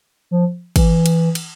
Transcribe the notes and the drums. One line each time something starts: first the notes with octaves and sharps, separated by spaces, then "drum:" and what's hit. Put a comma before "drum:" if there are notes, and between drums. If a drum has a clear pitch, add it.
F3
E3, drum: kick, cymbal
drum: cymbal
drum: cymbal